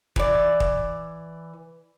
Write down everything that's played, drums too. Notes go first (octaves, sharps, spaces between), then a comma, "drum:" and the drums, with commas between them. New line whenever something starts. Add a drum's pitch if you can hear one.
E3 D5, drum: kick D#1
drum: kick D#1